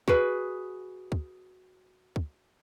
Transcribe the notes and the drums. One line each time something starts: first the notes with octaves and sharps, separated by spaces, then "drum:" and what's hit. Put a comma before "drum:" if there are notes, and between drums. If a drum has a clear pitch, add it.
F#4 G#4 B4, drum: kick
drum: kick
drum: kick